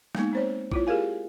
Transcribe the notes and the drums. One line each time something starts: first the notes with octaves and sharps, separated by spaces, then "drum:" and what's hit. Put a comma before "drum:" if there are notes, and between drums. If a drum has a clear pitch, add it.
G#3 A#3 B3 D#4, drum: snare
C4 C5 C#5
E4 F4 C#5, drum: kick
G4 G#4 A#4 F5 G#5